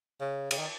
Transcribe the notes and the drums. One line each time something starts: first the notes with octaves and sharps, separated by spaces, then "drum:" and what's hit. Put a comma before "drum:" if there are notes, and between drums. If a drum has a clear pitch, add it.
C#3
C#3, drum: cymbal
D#3